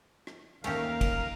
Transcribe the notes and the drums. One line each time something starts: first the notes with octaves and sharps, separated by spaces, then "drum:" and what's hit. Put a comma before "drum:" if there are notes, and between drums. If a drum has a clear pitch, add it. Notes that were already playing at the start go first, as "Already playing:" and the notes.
drum: rim click
D#2 A3 C#4 G4 A#4 F5, drum: cymbal
drum: kick, cymbal